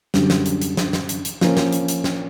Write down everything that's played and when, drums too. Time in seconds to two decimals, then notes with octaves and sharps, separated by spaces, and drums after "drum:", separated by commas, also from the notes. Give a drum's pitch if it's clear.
0.14 F#2 D3 G3, drum: snare
0.30 drum: snare
0.46 drum: hi-hat
0.62 drum: hi-hat
0.77 drum: snare
0.93 drum: snare
1.09 drum: hi-hat
1.25 drum: hi-hat
1.41 F3 A#3 C#4, drum: snare
1.57 drum: snare
1.73 drum: hi-hat
1.88 drum: hi-hat
2.04 drum: snare